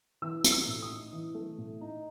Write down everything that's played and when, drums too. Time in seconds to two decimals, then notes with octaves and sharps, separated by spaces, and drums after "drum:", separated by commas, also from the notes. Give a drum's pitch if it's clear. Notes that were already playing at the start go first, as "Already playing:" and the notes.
0.22 E3 E6
0.44 A3, drum: hi-hat
0.52 E6
0.67 A2
0.82 D#6
0.90 D#4
1.13 E3
1.35 A3
1.58 A2
1.81 D#4